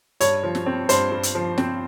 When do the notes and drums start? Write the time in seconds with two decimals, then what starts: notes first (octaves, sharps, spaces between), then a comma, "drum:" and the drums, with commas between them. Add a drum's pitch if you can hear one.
0.21 G2 C#5, drum: hi-hat
0.43 F3
0.55 drum: snare
0.66 C4
0.89 G2 C5, drum: hi-hat
1.12 G2
1.23 drum: hi-hat
1.35 F3
1.58 C4, drum: snare